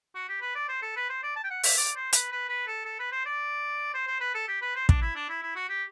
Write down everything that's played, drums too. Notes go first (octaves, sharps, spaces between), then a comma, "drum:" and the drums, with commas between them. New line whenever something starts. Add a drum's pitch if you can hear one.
F#4
G4
B4
D5
C5
A4
B4
C5
D5
A5
G5
F#5
E5, drum: open hi-hat
D5
C5
B4, drum: hi-hat
B4
B4
A4
A4
B4
C5
D5
C5
C5
B4
A4
G4
B4
C5
D4, drum: kick
E4
D4
E4
E4
F#4
G4